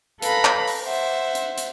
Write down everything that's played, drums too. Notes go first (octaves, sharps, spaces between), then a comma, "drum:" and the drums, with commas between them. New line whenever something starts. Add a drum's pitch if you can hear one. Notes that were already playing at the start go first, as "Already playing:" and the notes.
A4 B4 F5 A#5 B5 F#6, drum: hi-hat
drum: clap
drum: open hi-hat
C5 E5 F#5
drum: hi-hat
drum: hi-hat